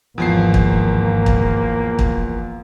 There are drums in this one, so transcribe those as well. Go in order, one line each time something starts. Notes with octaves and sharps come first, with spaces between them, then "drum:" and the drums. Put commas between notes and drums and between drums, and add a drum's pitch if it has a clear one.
G#1 E2 F3 A#3 C7
drum: kick
drum: kick
drum: kick